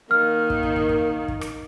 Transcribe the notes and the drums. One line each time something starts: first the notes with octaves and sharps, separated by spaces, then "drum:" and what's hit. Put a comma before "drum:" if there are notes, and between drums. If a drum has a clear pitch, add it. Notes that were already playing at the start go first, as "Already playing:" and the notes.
D#3 A#3 F6
drum: kick
drum: kick
drum: kick
drum: kick
drum: kick
drum: rim click